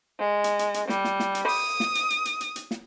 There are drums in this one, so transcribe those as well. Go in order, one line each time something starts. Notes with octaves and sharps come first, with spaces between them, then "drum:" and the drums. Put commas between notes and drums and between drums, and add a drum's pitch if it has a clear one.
G#3
drum: hi-hat
drum: hi-hat
drum: hi-hat
G3, drum: snare
drum: snare
drum: snare
drum: hi-hat
D#6, drum: open hi-hat
drum: snare
drum: hi-hat
drum: hi-hat
drum: hi-hat
drum: hi-hat
drum: hi-hat
drum: snare